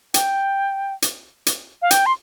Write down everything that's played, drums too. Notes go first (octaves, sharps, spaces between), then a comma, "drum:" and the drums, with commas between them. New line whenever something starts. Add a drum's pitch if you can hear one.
G5, drum: hi-hat
drum: hi-hat
drum: hi-hat
F5
G5, drum: hi-hat
C6